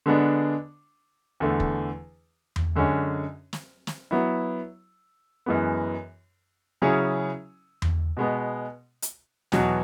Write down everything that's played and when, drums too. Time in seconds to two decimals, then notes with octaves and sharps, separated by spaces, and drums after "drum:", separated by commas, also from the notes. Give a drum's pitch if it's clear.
0.06 D3 G#3 B3 D4
1.40 E2 D3 A3
1.60 drum: kick
2.56 drum: tom E2
2.76 F#2 D3 G#3 C#4
3.53 drum: snare
3.87 drum: snare
4.11 F#3 B3 E4
5.46 F#2 E3 G#3 B3
6.82 C#3 F#3 C#4 E4 G#4
7.82 drum: tom E2
8.17 B2 G#3 B3
9.02 drum: hi-hat
9.52 E2 B2 F#3, drum: snare